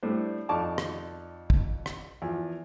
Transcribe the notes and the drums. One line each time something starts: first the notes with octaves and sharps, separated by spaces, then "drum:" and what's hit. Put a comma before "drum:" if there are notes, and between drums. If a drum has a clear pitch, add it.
A2 G3 A3 D4 C5
F2 D#4 D5 A5 C#6 D6
drum: rim click
drum: kick
drum: rim click
E2 F3